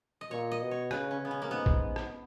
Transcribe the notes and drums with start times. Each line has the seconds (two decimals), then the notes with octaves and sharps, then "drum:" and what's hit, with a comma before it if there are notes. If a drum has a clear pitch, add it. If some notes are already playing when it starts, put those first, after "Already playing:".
0.21 D#5
0.31 A#2 C#5
0.52 D#5
0.62 B2
0.71 C#5
0.91 C#3 B4, drum: rim click
1.11 C#4
1.21 C#3 B3
1.31 C#4
1.42 A#3
1.51 G#2 B3
1.66 drum: kick A#1
1.96 drum: rim click